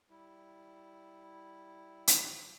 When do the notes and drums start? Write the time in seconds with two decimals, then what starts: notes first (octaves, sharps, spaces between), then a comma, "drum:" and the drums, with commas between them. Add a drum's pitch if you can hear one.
0.10 G3 E4
2.07 drum: hi-hat